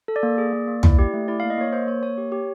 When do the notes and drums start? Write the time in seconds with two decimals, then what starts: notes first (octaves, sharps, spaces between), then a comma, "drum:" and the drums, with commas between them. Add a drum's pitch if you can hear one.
0.08 A4
0.16 D5
0.23 A#3
0.38 G#4
0.53 A#3
0.68 A#3
0.83 E4, drum: tom
0.99 G4
1.14 A3
1.28 E4 D5
1.40 A#3 F5
1.50 D#5
1.58 A#3 C#5
1.73 A#3 C5
1.87 A#3 C#5
2.02 A#3 C#5
2.18 G4
2.32 G4